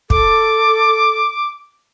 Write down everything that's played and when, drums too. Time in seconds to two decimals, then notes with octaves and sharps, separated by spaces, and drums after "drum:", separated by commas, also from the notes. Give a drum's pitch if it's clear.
0.10 A4 D6, drum: kick